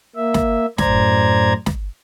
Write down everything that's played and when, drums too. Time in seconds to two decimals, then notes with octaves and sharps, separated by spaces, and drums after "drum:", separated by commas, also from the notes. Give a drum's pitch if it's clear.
0.16 A#3 E5
0.34 drum: snare
0.78 F#2 A2 C5 D5 A#5 G#6, drum: snare
1.66 drum: snare